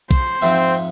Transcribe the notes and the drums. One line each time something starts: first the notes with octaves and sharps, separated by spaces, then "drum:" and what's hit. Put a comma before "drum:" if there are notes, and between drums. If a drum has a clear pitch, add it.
C5, drum: kick, hi-hat
F2 G#2 C4 E5